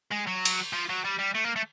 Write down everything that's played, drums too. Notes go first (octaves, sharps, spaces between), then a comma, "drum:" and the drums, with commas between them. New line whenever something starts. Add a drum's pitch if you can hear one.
G#3
F#3
drum: cymbal
F3
F#3
G3
G3
A3
A#3
A3